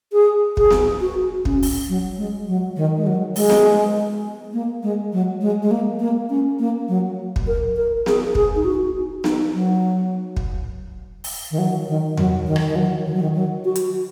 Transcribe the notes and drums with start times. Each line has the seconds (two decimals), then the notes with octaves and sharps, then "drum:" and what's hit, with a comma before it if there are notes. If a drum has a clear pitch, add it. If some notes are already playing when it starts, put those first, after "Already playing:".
0.13 G#4
0.57 G#4, drum: kick
0.71 drum: snare B3
1.01 F#4
1.45 C#4, drum: kick
1.62 drum: open hi-hat
1.89 F#3
2.18 G#3
2.48 F#3
2.77 D#3
2.97 G#3
3.07 F#3
3.36 G#3, drum: open hi-hat
3.50 drum: snare B3
4.53 A#3
4.83 G#3
5.12 F#3
5.41 G#3
5.63 G#3
5.71 A#3
6.00 A#3
6.30 C#4
6.59 A#3
6.88 F#3
7.36 drum: kick
7.47 A#4
7.76 A#4
8.06 G#4, drum: snare B3
8.35 G#4, drum: kick
8.56 D#4
8.65 F#4
9.24 D#4, drum: snare B3
9.53 F#3
10.37 drum: kick
11.24 drum: open hi-hat
11.51 D#3
11.59 F#3
11.89 D#3
12.17 F#3, drum: tom E2
12.46 D#3
12.56 drum: rim click
12.68 D#3
12.76 F#3
13.06 D#3
13.14 F#3
13.22 D#3
13.35 F#3
13.65 F#4
13.75 drum: hi-hat